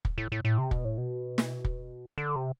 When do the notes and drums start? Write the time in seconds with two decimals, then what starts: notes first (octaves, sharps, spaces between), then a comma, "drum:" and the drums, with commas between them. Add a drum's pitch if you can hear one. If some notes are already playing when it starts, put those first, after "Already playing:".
0.05 drum: kick
0.18 A2
0.32 A2
0.45 A2
0.58 C3
0.71 B2, drum: kick
0.85 A2
0.98 B2
1.38 drum: snare
1.64 drum: kick
2.18 D3
2.36 C3